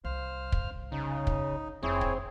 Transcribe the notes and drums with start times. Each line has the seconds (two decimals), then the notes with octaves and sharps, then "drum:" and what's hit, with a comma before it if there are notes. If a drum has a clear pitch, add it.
0.05 C2 C5 F5 F6
0.52 drum: kick
0.92 C#3 D#4
1.27 drum: kick
1.83 F1 D#2 C4 E4 G#4 C#5
2.01 drum: kick